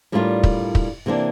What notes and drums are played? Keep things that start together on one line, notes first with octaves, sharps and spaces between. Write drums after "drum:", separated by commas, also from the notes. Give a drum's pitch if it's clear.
A2 G3 D4 F4 A#4
drum: kick
drum: kick
C3 E3 A#3 D4